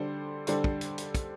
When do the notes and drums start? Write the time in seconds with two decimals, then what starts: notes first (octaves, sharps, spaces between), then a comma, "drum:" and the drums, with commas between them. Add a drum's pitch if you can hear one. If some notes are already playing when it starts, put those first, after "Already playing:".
Already playing: D3 G3 D4 A4 C5
0.47 D3 G3 D4 A4 C5, drum: hi-hat
0.64 drum: kick
0.81 drum: hi-hat
0.98 drum: hi-hat
1.14 drum: kick, hi-hat